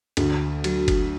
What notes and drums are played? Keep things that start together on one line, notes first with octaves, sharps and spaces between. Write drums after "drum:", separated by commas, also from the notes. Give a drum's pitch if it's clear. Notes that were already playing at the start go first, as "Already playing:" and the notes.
D2, drum: cymbal
F#3, drum: cymbal
drum: kick F#1, cymbal